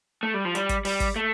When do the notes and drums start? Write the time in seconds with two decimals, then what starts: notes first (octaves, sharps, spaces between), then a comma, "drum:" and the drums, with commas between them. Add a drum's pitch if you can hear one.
0.23 A3
0.34 G3
0.45 F3
0.55 G3, drum: hi-hat
0.69 drum: kick, hi-hat
0.85 G3, drum: open hi-hat
1.00 drum: kick, hi-hat
1.16 A3